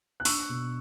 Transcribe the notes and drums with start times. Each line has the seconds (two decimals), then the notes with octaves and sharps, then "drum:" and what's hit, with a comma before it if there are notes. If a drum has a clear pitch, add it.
0.20 F#6
0.25 D4 C#6 E6, drum: open hi-hat
0.49 B2